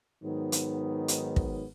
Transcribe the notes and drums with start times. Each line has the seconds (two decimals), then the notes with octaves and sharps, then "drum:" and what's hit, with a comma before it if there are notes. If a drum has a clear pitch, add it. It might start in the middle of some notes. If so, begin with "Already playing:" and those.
0.24 G#2 D#3 F#3 B3
0.52 drum: hi-hat
1.08 drum: hi-hat
1.36 drum: kick